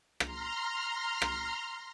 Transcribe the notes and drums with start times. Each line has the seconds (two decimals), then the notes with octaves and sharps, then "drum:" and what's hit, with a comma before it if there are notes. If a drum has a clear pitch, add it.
0.20 A#5 C6 F6, drum: rim click
1.22 drum: rim click